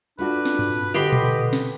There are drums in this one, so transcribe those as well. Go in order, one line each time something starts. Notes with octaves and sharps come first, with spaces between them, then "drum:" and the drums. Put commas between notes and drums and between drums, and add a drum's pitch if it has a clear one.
A3 D4 F4 F#4 B4, drum: tambourine
drum: tambourine
drum: snare
drum: tom G2
drum: tambourine
D3 G4 B4 D#5 B5 C6
drum: tom A#2
drum: tambourine
drum: snare